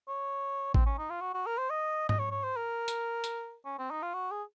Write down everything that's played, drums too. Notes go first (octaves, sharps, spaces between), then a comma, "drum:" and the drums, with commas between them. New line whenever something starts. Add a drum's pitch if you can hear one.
C#5
C4, drum: kick
C#4
D#4
F4
F#4
F#4
A#4
C5
D#5
D#5, drum: tom G#2
C#5
C#5
C5
A#4
drum: hi-hat
drum: hi-hat
C#4
C4
D#4
F4
F#4
G#4